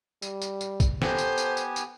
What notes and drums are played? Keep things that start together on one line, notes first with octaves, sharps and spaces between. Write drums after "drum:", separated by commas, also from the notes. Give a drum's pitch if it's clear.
G3, drum: tambourine
drum: tambourine
drum: tambourine
drum: kick, tambourine
B3 G4 A4 C5 G#5, drum: snare
drum: tambourine
drum: tambourine
drum: tambourine
drum: tambourine